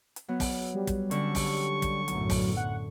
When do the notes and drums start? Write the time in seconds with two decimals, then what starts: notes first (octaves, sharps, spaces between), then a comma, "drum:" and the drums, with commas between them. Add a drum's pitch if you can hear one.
0.16 drum: hi-hat
0.28 F#3 B3
0.40 drum: kick, open hi-hat
0.74 G3
0.87 drum: kick, hi-hat
1.11 D3 C#4 A4 C#6, drum: hi-hat
1.35 drum: kick, open hi-hat
1.82 drum: kick, hi-hat
2.08 B1 F#2 A2 F#3, drum: hi-hat
2.30 drum: kick, open hi-hat
2.57 F#5